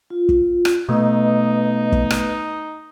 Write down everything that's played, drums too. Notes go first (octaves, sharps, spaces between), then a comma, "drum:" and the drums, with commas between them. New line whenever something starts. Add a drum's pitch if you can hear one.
F4
drum: kick
drum: rim click
B2 A3 B3 D#4 B4 D#5
drum: kick
drum: rim click